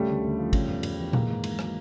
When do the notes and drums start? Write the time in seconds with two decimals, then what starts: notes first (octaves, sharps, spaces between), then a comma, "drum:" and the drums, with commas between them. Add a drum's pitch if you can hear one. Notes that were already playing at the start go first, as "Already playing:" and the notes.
Already playing: C#3 G3 A3
0.08 D2
0.24 D2
0.38 F3
0.53 C#3, drum: kick, cymbal
0.68 E2
0.83 E2, drum: cymbal
0.99 E3
1.13 D#3 G#3 A#3, drum: tom A#2
1.30 G#2
1.44 G#2, drum: cymbal
1.59 F#3, drum: rim click